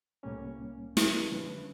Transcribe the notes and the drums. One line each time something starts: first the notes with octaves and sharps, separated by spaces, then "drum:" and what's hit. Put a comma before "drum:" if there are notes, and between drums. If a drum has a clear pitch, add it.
C2 A2 G3 A#3 C#4 C#5
drum: snare
D3 F3 G3 C#4 D4 B4